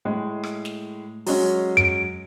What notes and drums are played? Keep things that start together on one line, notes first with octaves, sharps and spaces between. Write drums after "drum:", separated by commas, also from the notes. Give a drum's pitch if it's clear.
A2 G#3
drum: rim click
drum: snare
F#3 G#3 C#4, drum: open hi-hat
D7, drum: tom F#2